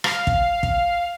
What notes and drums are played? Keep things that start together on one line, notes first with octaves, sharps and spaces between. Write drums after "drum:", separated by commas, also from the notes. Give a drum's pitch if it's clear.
F5, drum: rim click
drum: kick
drum: kick